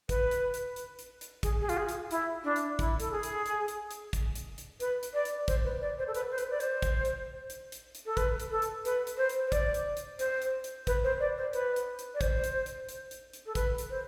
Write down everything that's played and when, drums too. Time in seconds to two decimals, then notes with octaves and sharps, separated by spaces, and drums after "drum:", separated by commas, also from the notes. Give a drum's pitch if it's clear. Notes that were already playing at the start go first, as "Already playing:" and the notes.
0.09 B4, drum: kick, hi-hat
0.31 drum: hi-hat
0.54 drum: hi-hat
0.76 drum: hi-hat
0.99 drum: hi-hat
1.21 drum: hi-hat
1.43 G#4, drum: kick, hi-hat
1.61 G#4
1.69 F4, drum: hi-hat
1.77 G#4
1.89 drum: hi-hat
2.11 E4, drum: hi-hat
2.44 D4
2.56 drum: hi-hat
2.79 E4, drum: kick, hi-hat
3.00 A4, drum: hi-hat
3.11 G#4
3.23 drum: hi-hat
3.46 drum: hi-hat
3.68 drum: hi-hat
3.91 drum: hi-hat
4.13 drum: kick, hi-hat
4.35 drum: hi-hat
4.58 drum: hi-hat
4.80 B4, drum: hi-hat
5.03 drum: hi-hat
5.14 D5
5.25 drum: hi-hat
5.48 C5, drum: kick, hi-hat
5.65 B4
5.81 D5
5.98 C5
6.08 A4
6.14 B4, drum: hi-hat
6.31 C5
6.38 B4, drum: hi-hat
6.50 D5
6.60 C5, drum: hi-hat
6.82 drum: kick, hi-hat
7.05 drum: hi-hat
7.50 drum: hi-hat
7.72 drum: hi-hat
7.95 drum: hi-hat
8.06 A4
8.17 B4, drum: kick, hi-hat
8.40 drum: hi-hat
8.51 A4
8.62 drum: hi-hat
8.85 B4, drum: hi-hat
9.07 drum: hi-hat
9.18 C5
9.29 drum: hi-hat
9.47 C5
9.52 D5, drum: kick, hi-hat
9.74 drum: hi-hat
9.97 drum: hi-hat
10.19 C5, drum: hi-hat
10.42 drum: hi-hat
10.64 drum: hi-hat
10.87 B4, drum: kick, hi-hat
11.04 C5
11.20 D5
11.37 C5
11.53 B4, drum: hi-hat
11.76 drum: hi-hat
11.99 drum: hi-hat
12.14 D5
12.21 C5, drum: kick, hi-hat
12.44 drum: hi-hat
12.66 drum: hi-hat
12.89 drum: hi-hat
13.11 drum: hi-hat
13.33 drum: hi-hat
13.46 A4
13.55 B4, drum: kick, hi-hat
13.78 drum: hi-hat
13.90 C5